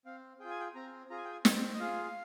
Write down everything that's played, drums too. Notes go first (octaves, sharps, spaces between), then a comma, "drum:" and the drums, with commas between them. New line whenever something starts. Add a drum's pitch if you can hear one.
C4 F5
F4 G#4 G5
G#5
G5
C4 A#5
F4 G#4 A#5
G#5
G5
G#5
C4 G5, drum: snare
D#5
F4 G#4 F5